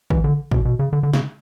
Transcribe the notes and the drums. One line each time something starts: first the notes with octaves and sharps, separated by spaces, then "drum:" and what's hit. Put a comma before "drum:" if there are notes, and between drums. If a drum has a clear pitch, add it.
E3, drum: kick
D3
B2, drum: kick
B2
C#3
D3
D3
C#3, drum: snare